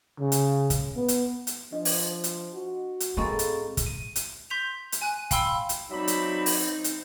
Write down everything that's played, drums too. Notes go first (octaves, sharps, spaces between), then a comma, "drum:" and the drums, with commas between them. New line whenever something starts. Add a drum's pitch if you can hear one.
C#3
drum: hi-hat
drum: kick, hi-hat
B3
drum: hi-hat
drum: hi-hat
F3 D4 D#5
drum: open hi-hat
drum: hi-hat
F#4
drum: hi-hat
A2 G#3 A#3 C4 C#6 A6
drum: hi-hat
drum: kick, hi-hat
D#7
drum: hi-hat
C6 G6 B6 F7
drum: hi-hat
G#5 F#6 D#7
F5 G5 B5 C6 E6, drum: kick, hi-hat
drum: hi-hat
F#3 C4 D#4 D5 E5 B5
drum: hi-hat
drum: open hi-hat
drum: hi-hat